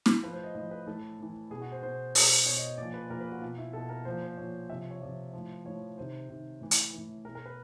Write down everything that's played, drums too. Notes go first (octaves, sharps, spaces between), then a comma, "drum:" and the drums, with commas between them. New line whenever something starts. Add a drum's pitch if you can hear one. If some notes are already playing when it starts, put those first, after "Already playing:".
drum: snare
A2 F3 B4
C5
D#5
A2 F3 D#5
B4
A2 E3 A4
A2 E3
B2 G#4
F#4
C5
B2 C5
B2, drum: open hi-hat
B2 C#5
D#5
D#5
A#2 F3 D5
B4
A#2 F3 A#4
B4
F#4
B2 F4
E4
B2 A4
A#4
A#2 F3 C5
C5
A#2 F3 C#5
C3 F3 E5
C#5
C3 F3 D5
A2 F3
A2 F3 C#5
C3 D#3 C5
C3 D#3
A2 E3
drum: hi-hat
A2 E3
B2 A#4
A#4
B4